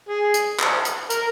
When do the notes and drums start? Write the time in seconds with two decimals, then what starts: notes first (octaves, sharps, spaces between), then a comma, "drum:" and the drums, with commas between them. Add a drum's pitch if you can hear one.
0.09 G#4
0.34 drum: hi-hat
0.59 drum: clap
0.85 drum: hi-hat
1.10 A#4, drum: hi-hat